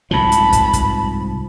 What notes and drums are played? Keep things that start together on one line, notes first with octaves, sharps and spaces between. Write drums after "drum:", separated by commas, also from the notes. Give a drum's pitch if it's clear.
C2 G#2 F3 A5 B5
drum: hi-hat
drum: kick, hi-hat
drum: kick, hi-hat